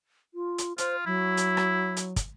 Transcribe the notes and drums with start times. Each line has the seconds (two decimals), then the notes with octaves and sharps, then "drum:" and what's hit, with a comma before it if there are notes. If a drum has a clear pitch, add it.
0.34 F4
0.58 drum: hi-hat
0.78 F4 C5, drum: hi-hat
1.06 F#3 E4
1.37 drum: hi-hat
1.57 drum: rim click
1.97 drum: hi-hat
2.16 drum: kick, hi-hat